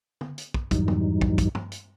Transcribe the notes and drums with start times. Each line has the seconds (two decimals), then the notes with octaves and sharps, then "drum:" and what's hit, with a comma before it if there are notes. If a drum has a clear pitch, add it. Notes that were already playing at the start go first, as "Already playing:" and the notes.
0.21 drum: tom
0.38 drum: hi-hat
0.54 drum: kick
0.71 F2 G#2 E3 F#3 G3 D#4, drum: kick, hi-hat
0.88 drum: tom
1.21 drum: kick
1.38 drum: kick, hi-hat
1.55 drum: tom G2
1.72 drum: hi-hat